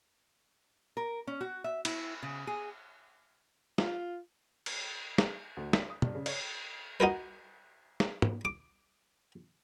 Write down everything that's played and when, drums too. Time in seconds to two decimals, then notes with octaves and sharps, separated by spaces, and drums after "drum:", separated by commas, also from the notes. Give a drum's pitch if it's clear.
0.97 A#4
1.27 C#4
1.41 F#4
1.64 E5
1.85 E4, drum: cymbal
2.23 C#3
2.47 G#4
3.78 F4, drum: snare
4.66 drum: cymbal
5.18 drum: snare
5.57 D2
5.73 B6, drum: snare
5.90 D#6
6.02 G2, drum: tom
6.15 C#3
6.26 C#5, drum: cymbal
7.00 D#4 F#4 A#4 B4
8.00 drum: snare
8.22 drum: tom
8.45 D6